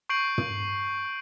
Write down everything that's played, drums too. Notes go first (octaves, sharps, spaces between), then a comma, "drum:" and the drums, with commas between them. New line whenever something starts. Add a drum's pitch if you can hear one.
C#6 G6 C7 D7 F#7
drum: tom